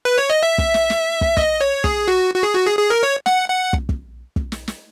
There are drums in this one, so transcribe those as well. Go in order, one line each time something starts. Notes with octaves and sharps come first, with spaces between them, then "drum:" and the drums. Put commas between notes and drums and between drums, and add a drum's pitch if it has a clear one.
B4
C#5
D#5
E5
drum: kick
drum: snare
drum: snare
drum: kick
D#5, drum: kick
C#5
G#4, drum: kick
F#4
F#4
G#4
F#4
G#4
G#4
A#4
C#5
F#5, drum: snare
F#5
drum: kick
drum: kick
drum: kick
drum: snare
drum: snare